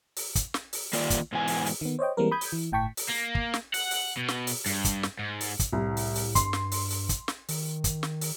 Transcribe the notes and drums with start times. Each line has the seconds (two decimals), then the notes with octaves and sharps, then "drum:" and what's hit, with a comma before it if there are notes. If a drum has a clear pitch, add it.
0.17 drum: open hi-hat
0.35 drum: kick, hi-hat
0.54 drum: snare
0.73 drum: open hi-hat
0.93 D#3 A#3 F4 D5, drum: open hi-hat
1.10 drum: kick, hi-hat
1.32 G#2 B2 E3 G#5
1.48 drum: open hi-hat
1.66 drum: open hi-hat
1.81 D#3 B3
1.99 C5 C#5 D#5 G5
2.17 E3 G3 G#3 A#3 C4 A#4
2.32 B5 D#6 G6 G#6
2.41 drum: open hi-hat
2.52 E3
2.72 G1 A2 G5 A5 C#6 B6
2.97 drum: open hi-hat
3.10 A#3
3.35 drum: kick
3.54 drum: snare
3.74 F#5, drum: open hi-hat
3.91 drum: open hi-hat
4.17 B2
4.28 drum: snare
4.47 drum: open hi-hat
4.66 G2, drum: open hi-hat
4.85 drum: kick, hi-hat
5.03 drum: snare
5.19 G#2
5.41 drum: open hi-hat
5.59 drum: kick, hi-hat
5.72 C2 A2
5.97 drum: open hi-hat
6.16 drum: open hi-hat
6.35 G2 C6, drum: kick, hi-hat
6.53 drum: snare
6.72 drum: open hi-hat
6.90 drum: open hi-hat
7.09 drum: kick, hi-hat
7.28 drum: snare
7.49 D#3, drum: open hi-hat
7.84 drum: kick, hi-hat
8.03 drum: snare
8.21 drum: open hi-hat